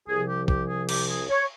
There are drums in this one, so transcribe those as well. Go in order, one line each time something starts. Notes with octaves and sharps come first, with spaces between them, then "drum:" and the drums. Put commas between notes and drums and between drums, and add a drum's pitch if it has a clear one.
C2 C3 F3 G#4
G4
G4, drum: kick
G#4
G4, drum: cymbal
G#4
C#5